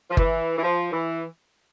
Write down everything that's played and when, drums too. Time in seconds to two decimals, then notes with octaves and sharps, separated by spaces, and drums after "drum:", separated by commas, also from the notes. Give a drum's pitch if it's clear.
0.11 F3
0.17 E3, drum: kick G1
0.58 E3
0.62 F3
0.92 E3